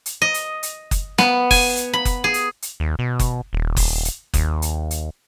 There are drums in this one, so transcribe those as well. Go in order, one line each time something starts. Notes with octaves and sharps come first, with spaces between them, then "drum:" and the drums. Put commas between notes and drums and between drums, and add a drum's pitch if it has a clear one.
drum: hi-hat
D#5
drum: hi-hat
drum: hi-hat
drum: kick F#1, hi-hat
B3, drum: snare
G#5, drum: kick F#1, open hi-hat
drum: hi-hat
B5
drum: kick F#1, hi-hat
G#4
drum: hi-hat
drum: hi-hat
D#2
B2
drum: kick F#1, hi-hat
D#1
drum: kick F#1, open hi-hat
drum: hi-hat
D#2, drum: kick F#1, hi-hat
drum: hi-hat
drum: hi-hat